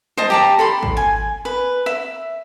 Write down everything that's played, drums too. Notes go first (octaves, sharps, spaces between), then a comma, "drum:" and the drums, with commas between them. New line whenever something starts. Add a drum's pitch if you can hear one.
C5 D#5 A5, drum: tom
G4 A5 A#5
A4 B5 C6
drum: kick
G#5
B4
E5